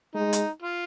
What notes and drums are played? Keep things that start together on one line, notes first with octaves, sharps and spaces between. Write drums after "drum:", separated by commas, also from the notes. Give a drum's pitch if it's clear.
G#3 D#4
drum: hi-hat
F4